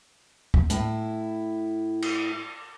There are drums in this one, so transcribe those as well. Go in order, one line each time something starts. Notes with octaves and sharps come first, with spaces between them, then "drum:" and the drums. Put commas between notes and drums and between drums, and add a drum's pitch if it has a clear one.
drum: kick D2
A2 E4, drum: hi-hat
drum: cymbal